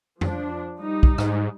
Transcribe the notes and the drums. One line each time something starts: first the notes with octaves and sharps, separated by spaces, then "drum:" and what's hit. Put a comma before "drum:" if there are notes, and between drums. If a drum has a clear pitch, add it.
F3 D4, drum: tom F2
G3 D#4
drum: kick
G#2, drum: rim click